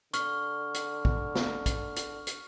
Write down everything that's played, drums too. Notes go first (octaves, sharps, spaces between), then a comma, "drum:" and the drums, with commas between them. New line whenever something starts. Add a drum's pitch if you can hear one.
D3 C#6 F6, drum: hi-hat
drum: hi-hat
drum: kick
drum: snare
drum: kick, hi-hat
drum: hi-hat
drum: hi-hat